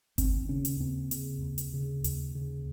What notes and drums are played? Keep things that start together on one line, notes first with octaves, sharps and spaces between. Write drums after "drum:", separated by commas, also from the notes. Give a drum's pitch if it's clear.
D#2 C4, drum: kick G1, hi-hat
C#3 C#4
drum: hi-hat
D#2 C4
C#3, drum: hi-hat
D#2
drum: hi-hat
C#3
D#2, drum: hi-hat
C#3